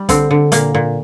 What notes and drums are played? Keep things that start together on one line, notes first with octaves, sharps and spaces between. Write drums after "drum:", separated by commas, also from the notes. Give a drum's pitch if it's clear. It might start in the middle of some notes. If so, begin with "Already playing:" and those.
Already playing: G3
D3 C4, drum: kick, hi-hat
D3
A#2 A#3, drum: hi-hat
A#2